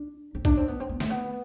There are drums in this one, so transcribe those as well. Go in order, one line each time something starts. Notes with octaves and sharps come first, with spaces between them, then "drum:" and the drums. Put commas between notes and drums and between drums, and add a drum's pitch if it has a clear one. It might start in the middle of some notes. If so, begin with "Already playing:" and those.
Already playing: D4
C4
D4, drum: kick A#1
C4
B3
C4
B3
A3, drum: snare
B3